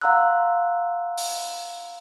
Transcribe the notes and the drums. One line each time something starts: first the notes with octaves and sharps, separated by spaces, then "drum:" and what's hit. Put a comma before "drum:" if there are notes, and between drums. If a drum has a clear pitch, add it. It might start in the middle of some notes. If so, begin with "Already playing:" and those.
F5 F#5 A#5 C6 E6 F#6
drum: open hi-hat